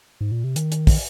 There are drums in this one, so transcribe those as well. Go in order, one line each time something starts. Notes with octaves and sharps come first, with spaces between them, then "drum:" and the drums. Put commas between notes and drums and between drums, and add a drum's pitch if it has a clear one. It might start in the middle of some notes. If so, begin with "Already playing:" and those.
G#2
A#2
C3
D#3, drum: hi-hat
drum: hi-hat
drum: kick, open hi-hat